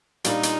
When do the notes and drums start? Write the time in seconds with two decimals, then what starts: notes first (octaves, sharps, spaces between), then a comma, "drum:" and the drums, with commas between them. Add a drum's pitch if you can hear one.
0.24 A#2 G3 D4 D#4 F4, drum: hi-hat
0.43 drum: hi-hat